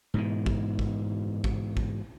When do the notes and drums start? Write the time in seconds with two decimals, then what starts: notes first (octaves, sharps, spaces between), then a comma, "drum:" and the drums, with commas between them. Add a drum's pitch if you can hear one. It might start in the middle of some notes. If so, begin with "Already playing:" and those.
0.14 G#2 B2 E3
0.46 drum: kick
0.79 drum: kick
1.44 drum: kick
1.77 drum: kick